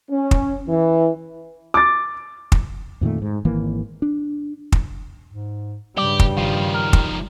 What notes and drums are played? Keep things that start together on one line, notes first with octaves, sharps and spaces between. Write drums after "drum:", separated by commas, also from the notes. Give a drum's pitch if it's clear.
C#4
drum: kick
E3
D6 A6
drum: kick
F2 A#2 D#3 A3
G#2
G#1 D#3 E3 A#3
D4
drum: kick
G#2
G2 C#3 G3 G4 D5
drum: kick
D#3 F3 F4
A#4
drum: kick